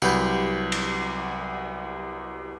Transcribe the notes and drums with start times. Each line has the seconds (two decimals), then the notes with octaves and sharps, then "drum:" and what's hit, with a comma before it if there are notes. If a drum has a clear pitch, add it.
0.02 C2 F#3 G4 B4 B5 G6, drum: tambourine
0.72 drum: cymbal